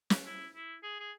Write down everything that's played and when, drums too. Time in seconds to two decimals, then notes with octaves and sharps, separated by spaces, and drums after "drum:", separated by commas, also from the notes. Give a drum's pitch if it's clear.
0.10 drum: snare
0.26 E4
0.55 E4
0.83 G#4
1.00 G#4